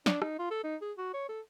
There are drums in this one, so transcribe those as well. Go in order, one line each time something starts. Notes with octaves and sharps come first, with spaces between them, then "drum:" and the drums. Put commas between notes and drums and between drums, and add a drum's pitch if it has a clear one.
D4, drum: snare
D#4, drum: rim click
F4
A4
D#4
G#4
F#4
C#5
A4